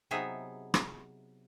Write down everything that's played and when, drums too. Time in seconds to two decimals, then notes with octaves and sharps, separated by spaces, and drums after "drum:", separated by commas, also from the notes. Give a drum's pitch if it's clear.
0.11 C3 F#3 B3 D#4 G#4 E5
0.74 drum: rim click